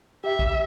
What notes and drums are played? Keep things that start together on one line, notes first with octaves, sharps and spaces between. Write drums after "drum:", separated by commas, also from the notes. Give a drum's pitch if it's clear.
G4 E5
drum: kick A#1